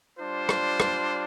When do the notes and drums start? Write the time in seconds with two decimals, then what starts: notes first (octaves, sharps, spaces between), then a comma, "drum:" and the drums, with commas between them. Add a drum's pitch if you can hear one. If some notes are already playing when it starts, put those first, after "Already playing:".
0.18 G3 D4 F4 C5
0.49 drum: rim click
0.80 drum: rim click